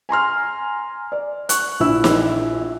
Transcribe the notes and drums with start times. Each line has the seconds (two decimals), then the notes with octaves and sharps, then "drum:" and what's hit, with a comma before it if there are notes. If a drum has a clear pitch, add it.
0.09 G#5 A#5 C6 F6
1.12 D5
1.49 C#6 F#6, drum: hi-hat
1.80 A#1 D4 E4 E6
2.04 drum: snare